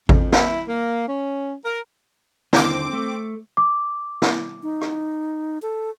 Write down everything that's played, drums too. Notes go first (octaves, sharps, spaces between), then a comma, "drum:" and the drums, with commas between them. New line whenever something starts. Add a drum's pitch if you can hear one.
F2, drum: kick G#1
E4, drum: snare
A#3
C#4
A#4
D#2 D3 C4 D6, drum: snare
A3
D6
drum: snare
D#4
drum: rim click
A4